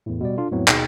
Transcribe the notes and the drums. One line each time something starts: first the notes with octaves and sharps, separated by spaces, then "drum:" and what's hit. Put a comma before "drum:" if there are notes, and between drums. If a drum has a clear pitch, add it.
E2 A2
B2 G3 D5
D4 F4 A4
F2 A2 F#3 B3 C4
D#2 B2 D#4 G#4 G5, drum: clap